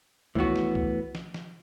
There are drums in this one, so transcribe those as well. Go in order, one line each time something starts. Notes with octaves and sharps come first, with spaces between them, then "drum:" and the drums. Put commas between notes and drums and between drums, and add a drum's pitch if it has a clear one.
A2 E3 B3 F#4, drum: kick
drum: snare
drum: kick
drum: snare
drum: snare